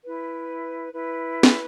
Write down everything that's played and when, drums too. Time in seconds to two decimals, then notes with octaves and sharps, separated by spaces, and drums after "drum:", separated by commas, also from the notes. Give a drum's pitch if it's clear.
0.05 E4 B4
0.93 E4 B4
1.43 drum: snare